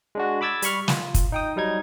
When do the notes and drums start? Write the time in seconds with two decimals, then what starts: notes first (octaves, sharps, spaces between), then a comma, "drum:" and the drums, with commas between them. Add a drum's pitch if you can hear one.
0.15 G#3 D4 F#4
0.41 B5 D6 E6 G#6 A6
0.62 G3 B5 C#6 F6, drum: hi-hat
0.88 F4, drum: snare
1.14 drum: kick, hi-hat
1.32 D#4 G5 D#6
1.56 F#3 G3 D#4 G#6